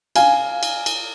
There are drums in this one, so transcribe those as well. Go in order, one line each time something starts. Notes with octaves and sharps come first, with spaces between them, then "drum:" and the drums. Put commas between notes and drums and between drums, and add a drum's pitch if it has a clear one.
F5 G#5, drum: cymbal
drum: cymbal
drum: cymbal